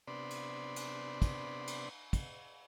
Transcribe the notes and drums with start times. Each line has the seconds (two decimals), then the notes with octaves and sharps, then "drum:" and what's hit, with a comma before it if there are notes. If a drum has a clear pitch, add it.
0.08 C3 B3 D4 D5 B5 C6
0.30 drum: cymbal
0.76 drum: cymbal
1.22 drum: kick, cymbal
1.67 drum: cymbal
2.13 drum: kick, cymbal